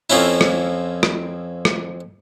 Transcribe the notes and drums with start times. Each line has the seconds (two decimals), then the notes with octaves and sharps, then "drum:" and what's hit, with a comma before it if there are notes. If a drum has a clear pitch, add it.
0.10 F2 F3 C4 C#4 E4
0.41 drum: rim click
1.03 drum: rim click
1.65 drum: rim click